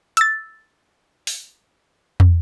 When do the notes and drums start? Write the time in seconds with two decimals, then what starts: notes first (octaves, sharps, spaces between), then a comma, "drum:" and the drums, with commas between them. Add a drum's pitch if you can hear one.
0.17 E6 A6, drum: hi-hat
1.27 drum: open hi-hat
2.20 drum: tom